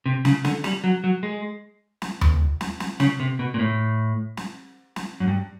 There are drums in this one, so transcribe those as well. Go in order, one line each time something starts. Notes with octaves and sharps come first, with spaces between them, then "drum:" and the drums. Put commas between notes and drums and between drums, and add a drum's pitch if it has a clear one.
C3
C#3, drum: snare
D3, drum: snare
G3, drum: snare
F#3
F#3
G#3
drum: snare
drum: tom D#2
drum: snare
drum: snare
C#3, drum: snare
C3
B2
A#2
A2
drum: snare
drum: snare
F#2
G2